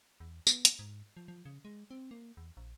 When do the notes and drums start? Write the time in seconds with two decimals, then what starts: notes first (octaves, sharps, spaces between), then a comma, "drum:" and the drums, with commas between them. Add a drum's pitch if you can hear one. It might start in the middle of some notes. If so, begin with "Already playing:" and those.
0.20 E2
0.47 B3, drum: tambourine
0.65 drum: hi-hat
0.79 G#2
1.17 F3
1.28 F3
1.45 C#3
1.65 G#3
1.91 C4
2.11 A#3
2.37 E2
2.57 A#1